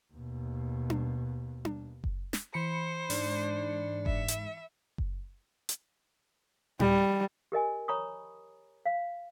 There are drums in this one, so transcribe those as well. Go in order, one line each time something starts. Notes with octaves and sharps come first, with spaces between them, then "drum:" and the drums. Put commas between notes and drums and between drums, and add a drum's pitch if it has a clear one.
D#2 B2
drum: tom D4
drum: tom D4
drum: kick F#1
drum: snare
E3 C5 B5 C#7
G#2 D4, drum: open hi-hat
E5, drum: kick F#1
drum: hi-hat
drum: kick F#1
drum: hi-hat
G3, drum: tom A2
G4 A#4 D#5 G#5
C#5 A#5 B5 C#6 D#6
F5